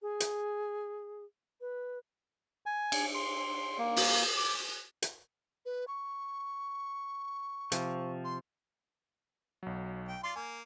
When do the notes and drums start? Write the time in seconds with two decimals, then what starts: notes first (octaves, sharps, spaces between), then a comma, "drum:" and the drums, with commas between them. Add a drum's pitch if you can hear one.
0.02 G#4
0.20 drum: hi-hat
1.61 B4
2.66 G#5
2.92 drum: cymbal
3.15 C6
3.78 A#3
3.96 drum: open hi-hat
4.37 D6
5.02 drum: hi-hat
5.66 B4
5.88 C#6
7.72 C3 F3, drum: hi-hat
8.24 C6
9.63 B1 F#3
10.08 G5
10.24 F4 D5 C6
10.36 A#3 G#5